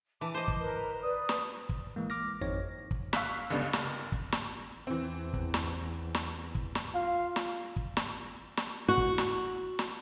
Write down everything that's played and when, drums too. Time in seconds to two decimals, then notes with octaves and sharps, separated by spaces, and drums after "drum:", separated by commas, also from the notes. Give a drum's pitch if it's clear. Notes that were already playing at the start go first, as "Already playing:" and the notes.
0.21 E3 A5 D6
0.34 C5 D#5
0.48 drum: kick
0.60 A#4 B4
0.75 A#5
1.03 B4 D5 D#6
1.29 drum: snare
1.69 drum: kick
1.96 E3 G#3 A#3
2.10 D6 F6 A#6
2.41 G#1 F2 D#4 C5 C#5 A#6
2.91 drum: kick
3.13 F5 C#6 E6 F#6 B6, drum: snare
3.50 C#2 G2 D3 G3 B3
3.73 F#1, drum: snare
4.12 drum: kick
4.32 drum: snare
4.87 E2 E3 C4
5.34 drum: kick
5.54 drum: snare
6.15 drum: snare
6.55 drum: kick
6.75 drum: snare
6.95 F4 F5
7.36 drum: snare
7.76 drum: kick
7.97 drum: snare
8.57 drum: snare
8.88 F#4
8.98 drum: kick
9.18 drum: snare
9.79 drum: snare